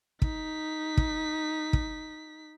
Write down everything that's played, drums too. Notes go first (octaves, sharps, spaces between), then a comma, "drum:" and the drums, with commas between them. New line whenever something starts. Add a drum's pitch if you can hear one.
D#4 B6, drum: kick
drum: kick
drum: kick